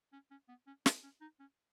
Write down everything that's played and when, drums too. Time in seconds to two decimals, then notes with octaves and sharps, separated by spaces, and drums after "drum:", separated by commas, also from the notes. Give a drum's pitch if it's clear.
0.13 C#4
0.31 C#4
0.48 B3
0.67 C#4
0.86 C#4, drum: snare
1.03 C#4
1.21 D#4
1.40 C#4